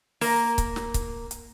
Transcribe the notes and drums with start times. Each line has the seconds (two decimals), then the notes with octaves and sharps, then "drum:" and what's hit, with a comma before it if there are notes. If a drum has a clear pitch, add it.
0.21 A#3 A#4, drum: open hi-hat
0.58 drum: kick C#1, hi-hat
0.76 drum: snare
0.94 drum: kick C#1, hi-hat
1.31 drum: hi-hat